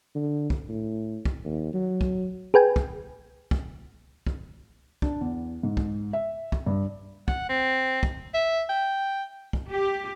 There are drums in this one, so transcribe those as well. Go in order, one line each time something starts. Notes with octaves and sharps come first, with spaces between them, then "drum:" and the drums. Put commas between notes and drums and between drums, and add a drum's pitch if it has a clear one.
D3
drum: kick
A2
drum: kick
D#2
F#3
drum: kick
G#4 B4 G5 G#5
drum: kick
drum: kick
drum: kick
D4, drum: kick
E2
G#2
drum: kick
E5
drum: kick
G2
F#5, drum: kick
C4
drum: kick
E5
G5
drum: kick
G4